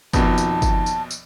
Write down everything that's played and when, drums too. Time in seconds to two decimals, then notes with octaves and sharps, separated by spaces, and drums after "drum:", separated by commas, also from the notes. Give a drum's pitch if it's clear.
0.13 A#1 F2 B2 D#3 B3 A5, drum: kick, tambourine
0.38 drum: tambourine
0.62 drum: kick, tambourine
0.86 drum: tambourine
1.11 drum: tambourine